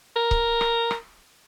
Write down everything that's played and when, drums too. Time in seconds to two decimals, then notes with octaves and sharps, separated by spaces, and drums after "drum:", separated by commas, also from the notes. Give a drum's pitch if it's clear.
0.16 A#4
0.31 drum: kick C#1
0.61 drum: rim click
0.91 drum: rim click